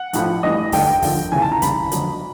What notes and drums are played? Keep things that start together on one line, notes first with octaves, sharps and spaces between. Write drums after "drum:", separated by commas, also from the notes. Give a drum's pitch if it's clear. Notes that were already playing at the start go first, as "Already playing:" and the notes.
Already playing: F#5
A1 A2 F3, drum: hi-hat
A1 G2 E3 G3 D#5
G#1 G2 D3 G3 G5, drum: kick, open hi-hat
D#2 D3 F3, drum: kick, open hi-hat
C#2 C#3 E3 G#5
A5
A#5
D#2 C#3 E3 G3 B5, drum: kick, hi-hat
G1 F2 D3 F#3, drum: hi-hat